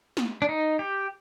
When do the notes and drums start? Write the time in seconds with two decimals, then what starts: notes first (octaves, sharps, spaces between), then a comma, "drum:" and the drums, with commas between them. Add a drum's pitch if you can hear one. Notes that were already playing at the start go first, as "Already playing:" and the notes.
0.17 drum: snare
0.42 D4
0.49 D#4
0.79 G4